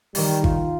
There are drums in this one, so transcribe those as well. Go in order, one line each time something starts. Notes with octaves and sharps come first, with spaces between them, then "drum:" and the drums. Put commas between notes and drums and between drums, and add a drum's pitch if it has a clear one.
D#3 G3, drum: open hi-hat
F4, drum: kick G#1